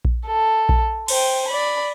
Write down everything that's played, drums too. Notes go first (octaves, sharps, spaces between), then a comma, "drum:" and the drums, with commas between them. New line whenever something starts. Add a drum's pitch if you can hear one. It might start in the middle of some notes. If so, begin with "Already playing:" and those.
drum: kick A#1
A4
drum: kick A#1
C5 G5, drum: cymbal
D5 B5